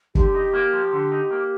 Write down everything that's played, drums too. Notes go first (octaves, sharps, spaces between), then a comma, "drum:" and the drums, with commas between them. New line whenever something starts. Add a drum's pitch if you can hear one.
D3 G4, drum: kick
D#4
A#3
F3
D3
D#4
A#3